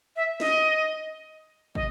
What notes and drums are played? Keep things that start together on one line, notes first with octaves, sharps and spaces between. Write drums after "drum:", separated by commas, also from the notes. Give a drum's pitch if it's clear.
E5
D#5, drum: snare
D#5, drum: kick